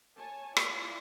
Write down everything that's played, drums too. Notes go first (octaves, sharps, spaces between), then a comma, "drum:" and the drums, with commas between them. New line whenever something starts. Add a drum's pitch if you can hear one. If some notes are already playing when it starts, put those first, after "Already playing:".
C#5 G#5 A5
E4 F4 D5, drum: rim click